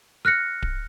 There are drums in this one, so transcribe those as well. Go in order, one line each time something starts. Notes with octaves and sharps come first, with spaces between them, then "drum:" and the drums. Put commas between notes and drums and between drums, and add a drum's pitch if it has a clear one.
F6 F#6 A#6 C#7
drum: kick D1